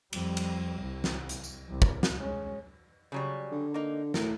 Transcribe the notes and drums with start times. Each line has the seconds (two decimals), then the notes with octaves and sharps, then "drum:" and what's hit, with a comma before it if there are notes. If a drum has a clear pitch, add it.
0.13 F2 G3, drum: cymbal
0.37 drum: cymbal
0.80 C2
1.04 drum: snare
1.29 drum: hi-hat
1.44 drum: tambourine
1.69 C2
1.82 drum: kick
2.03 drum: snare
2.19 G#3 C#4
3.12 C#3 F#3 G3
3.52 D3
3.74 A#3 D#4
4.14 A2 A#4, drum: snare